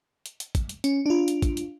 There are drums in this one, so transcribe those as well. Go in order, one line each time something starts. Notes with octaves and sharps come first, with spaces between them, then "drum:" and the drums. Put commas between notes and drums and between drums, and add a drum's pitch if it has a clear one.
drum: hi-hat
drum: hi-hat
drum: kick, hi-hat
drum: hi-hat
C#4, drum: hi-hat
D4 F4
drum: hi-hat
drum: kick, hi-hat
drum: hi-hat